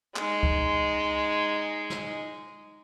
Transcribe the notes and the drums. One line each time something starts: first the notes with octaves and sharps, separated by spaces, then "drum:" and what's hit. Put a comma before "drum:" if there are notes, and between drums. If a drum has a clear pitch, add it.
G#3 D#4, drum: clap
drum: kick C2
drum: snare